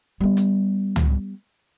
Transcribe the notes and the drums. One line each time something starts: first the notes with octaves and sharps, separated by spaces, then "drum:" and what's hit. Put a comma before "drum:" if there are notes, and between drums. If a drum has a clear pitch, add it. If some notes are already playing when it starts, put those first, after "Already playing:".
G3 B3
drum: hi-hat
drum: tom